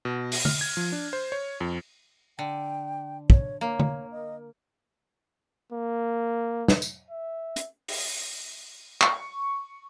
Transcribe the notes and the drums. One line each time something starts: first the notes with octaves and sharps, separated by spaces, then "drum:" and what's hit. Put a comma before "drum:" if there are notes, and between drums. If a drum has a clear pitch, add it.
B2
drum: open hi-hat
F6, drum: tom D3
G#6
F3
D4
C5
C#5
F2
D3 G5
C#5, drum: kick
A#3 C#5
drum: tom D3
D#5
A#3
drum: snare
drum: tambourine
E5
drum: hi-hat
drum: open hi-hat
C#6, drum: clap